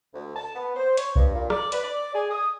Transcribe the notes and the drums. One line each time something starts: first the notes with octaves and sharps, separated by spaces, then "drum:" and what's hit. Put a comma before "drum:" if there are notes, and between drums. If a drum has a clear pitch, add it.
D2
A5
B3
C5
C#5, drum: hi-hat
G2, drum: kick C2
A#2
D5, drum: rim click
B4, drum: hi-hat
D5
G#4
D#6